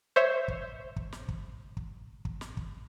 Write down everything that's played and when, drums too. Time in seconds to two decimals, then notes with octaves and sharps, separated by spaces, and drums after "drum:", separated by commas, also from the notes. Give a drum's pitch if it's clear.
0.16 C5 C#5 E5
0.48 drum: kick
0.96 drum: kick
1.12 drum: snare
1.29 drum: kick
1.77 drum: kick
2.25 drum: kick
2.41 drum: snare
2.57 drum: kick